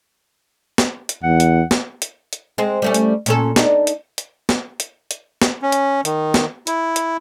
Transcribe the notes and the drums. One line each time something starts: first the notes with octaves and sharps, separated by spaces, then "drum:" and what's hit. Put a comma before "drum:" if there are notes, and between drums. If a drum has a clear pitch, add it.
drum: snare
drum: hi-hat
E2 F#5
drum: hi-hat
drum: snare
drum: hi-hat
drum: hi-hat
G#3 C4
G3 A3 C#4
drum: hi-hat
A#2 C#4 A4, drum: hi-hat
D4 D#4, drum: snare
drum: hi-hat
drum: hi-hat
drum: snare
drum: hi-hat
drum: hi-hat
drum: snare
C#4
drum: hi-hat
D#3, drum: hi-hat
drum: snare
E4, drum: hi-hat
drum: hi-hat